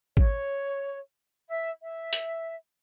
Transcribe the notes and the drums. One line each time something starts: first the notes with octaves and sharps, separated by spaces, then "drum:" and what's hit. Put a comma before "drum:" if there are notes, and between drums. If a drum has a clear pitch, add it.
C#5, drum: kick G#1
E5
E5
drum: hi-hat